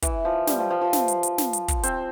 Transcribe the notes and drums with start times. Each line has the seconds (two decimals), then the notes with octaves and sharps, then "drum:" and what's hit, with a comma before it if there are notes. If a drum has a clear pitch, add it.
0.02 E3, drum: kick, hi-hat
0.25 F3
0.47 G3, drum: snare
0.59 F3
0.70 F3
0.81 F3
0.93 drum: snare
1.08 drum: hi-hat
1.23 drum: hi-hat
1.38 drum: snare
1.53 drum: hi-hat
1.68 drum: kick, hi-hat
1.83 C4, drum: hi-hat